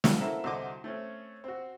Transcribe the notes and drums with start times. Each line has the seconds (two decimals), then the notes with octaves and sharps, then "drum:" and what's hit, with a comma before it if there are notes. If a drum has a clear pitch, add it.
0.04 A1 F3 B3 C4 F5 G5, drum: snare
0.20 A#3 C4 E4 F#4 A4 E5
0.44 C2 D3 F#4 C5 D#5 D6
0.84 A3 C4 C#4
1.44 C4 F#4